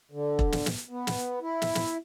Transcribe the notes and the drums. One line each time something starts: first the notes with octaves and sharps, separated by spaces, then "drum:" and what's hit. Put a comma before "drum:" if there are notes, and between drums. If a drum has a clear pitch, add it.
D3
drum: kick E1
drum: snare
drum: snare
B3
drum: snare
E4
drum: snare
drum: snare